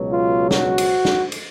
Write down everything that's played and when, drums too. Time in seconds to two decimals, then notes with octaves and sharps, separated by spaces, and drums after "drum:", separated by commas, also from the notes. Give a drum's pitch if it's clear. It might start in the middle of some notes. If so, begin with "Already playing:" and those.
Already playing: C#2 B2 F#3
0.11 F4
0.51 F#4, drum: snare
0.78 drum: cymbal
1.05 drum: snare
1.32 drum: cymbal